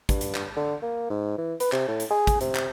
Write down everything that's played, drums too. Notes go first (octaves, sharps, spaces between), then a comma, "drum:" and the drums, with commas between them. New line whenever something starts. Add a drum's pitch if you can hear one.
G2, drum: kick, hi-hat
drum: hi-hat
drum: clap
D3
A#3
G#2
E3
B4, drum: hi-hat
C3, drum: clap
A2
drum: hi-hat
G#4
drum: kick, hi-hat
C3, drum: hi-hat
drum: clap